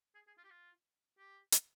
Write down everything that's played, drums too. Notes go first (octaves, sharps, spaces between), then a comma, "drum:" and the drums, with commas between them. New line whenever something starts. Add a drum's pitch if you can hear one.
G#4
G#4
F4
G4
F4
G4
drum: hi-hat